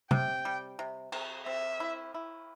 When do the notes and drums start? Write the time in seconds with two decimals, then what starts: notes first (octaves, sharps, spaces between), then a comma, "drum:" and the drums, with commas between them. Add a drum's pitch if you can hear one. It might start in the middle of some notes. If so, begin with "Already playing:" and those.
0.11 C3 G5, drum: tom C3
0.45 G3
0.79 C3
1.12 C3, drum: cymbal
1.46 C4 E5
1.80 E4
2.14 E4